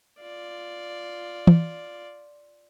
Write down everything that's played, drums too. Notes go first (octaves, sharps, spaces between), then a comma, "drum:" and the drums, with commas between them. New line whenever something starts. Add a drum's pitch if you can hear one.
F4 D5
drum: tom